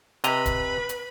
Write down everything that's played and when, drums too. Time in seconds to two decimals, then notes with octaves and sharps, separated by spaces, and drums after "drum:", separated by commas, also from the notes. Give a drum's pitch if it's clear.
0.24 C3 B4 D#5 A#5 B5, drum: hi-hat
0.46 drum: kick, hi-hat
0.89 drum: hi-hat